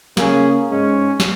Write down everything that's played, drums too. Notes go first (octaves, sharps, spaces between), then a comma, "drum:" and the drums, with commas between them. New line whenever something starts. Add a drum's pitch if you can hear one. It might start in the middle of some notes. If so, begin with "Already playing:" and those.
C#3 A#3 C#4 G#4, drum: snare
G#2 G#3 C#4
drum: snare